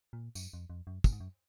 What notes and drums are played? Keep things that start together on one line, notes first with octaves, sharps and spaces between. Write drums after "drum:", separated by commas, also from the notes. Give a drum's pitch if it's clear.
A#2
F#2, drum: tambourine
F2
F2
F#2
A#2, drum: kick, tambourine
G#2
F#2